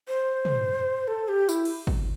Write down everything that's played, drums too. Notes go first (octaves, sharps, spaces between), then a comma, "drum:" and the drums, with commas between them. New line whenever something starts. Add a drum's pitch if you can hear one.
C5
drum: tom
A4
G4
E4, drum: tambourine
drum: cymbal
drum: kick